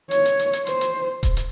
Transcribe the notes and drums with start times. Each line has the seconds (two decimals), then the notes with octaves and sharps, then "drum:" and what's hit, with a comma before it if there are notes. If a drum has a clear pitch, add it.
0.11 C#5, drum: hi-hat
0.25 drum: hi-hat
0.39 drum: hi-hat
0.53 drum: hi-hat
0.67 C5, drum: hi-hat
0.81 drum: hi-hat
1.23 drum: kick D#1, hi-hat
1.37 drum: hi-hat